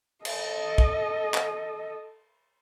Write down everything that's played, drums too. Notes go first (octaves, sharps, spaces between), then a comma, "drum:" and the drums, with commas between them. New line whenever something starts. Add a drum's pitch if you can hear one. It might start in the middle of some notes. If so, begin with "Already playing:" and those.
A4 D#5, drum: cymbal
drum: kick
drum: clap